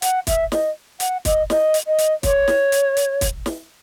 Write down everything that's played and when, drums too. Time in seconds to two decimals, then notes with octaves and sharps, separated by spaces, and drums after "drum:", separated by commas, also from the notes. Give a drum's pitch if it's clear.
0.02 F#5, drum: hi-hat
0.27 E5, drum: kick, hi-hat
0.52 D#5, drum: snare
1.00 F#5, drum: hi-hat
1.25 D#5, drum: kick, hi-hat
1.50 D#5, drum: snare
1.74 drum: hi-hat
1.86 D#5
1.99 drum: hi-hat
2.23 C#5, drum: kick, hi-hat
2.48 drum: snare
2.72 drum: hi-hat
2.97 drum: hi-hat
3.21 drum: kick, hi-hat
3.46 drum: snare